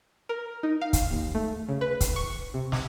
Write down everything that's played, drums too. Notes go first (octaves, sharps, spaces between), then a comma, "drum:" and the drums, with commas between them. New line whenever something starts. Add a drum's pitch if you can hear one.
A#4
D#4
F5
drum: kick, hi-hat
D#2
A3
C#3
B4
drum: kick, hi-hat
C#6
C3
drum: snare